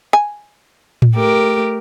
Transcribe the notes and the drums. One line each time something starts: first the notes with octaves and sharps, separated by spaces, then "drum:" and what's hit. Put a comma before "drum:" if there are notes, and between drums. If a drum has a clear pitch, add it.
G#5
drum: tom A2
A3 G4 A#4